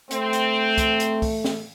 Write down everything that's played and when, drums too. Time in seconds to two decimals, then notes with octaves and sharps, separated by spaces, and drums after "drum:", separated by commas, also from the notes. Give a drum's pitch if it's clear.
0.11 A3 C4, drum: hi-hat
0.33 drum: hi-hat
0.78 drum: kick, hi-hat
1.00 drum: hi-hat
1.22 drum: kick, open hi-hat
1.44 drum: snare